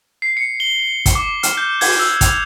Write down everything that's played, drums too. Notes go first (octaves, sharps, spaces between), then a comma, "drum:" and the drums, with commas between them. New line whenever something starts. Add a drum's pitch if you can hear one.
C7
C#7
G7
drum: kick, hi-hat
D6
F6, drum: hi-hat
G6
G#6, drum: open hi-hat
E6
F7, drum: kick, hi-hat